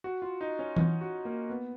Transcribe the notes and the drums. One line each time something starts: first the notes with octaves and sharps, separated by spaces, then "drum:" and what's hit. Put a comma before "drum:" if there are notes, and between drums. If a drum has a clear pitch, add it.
F#4
F4
D#4
C#4
F4, drum: tom E3
F#4
A#3
B3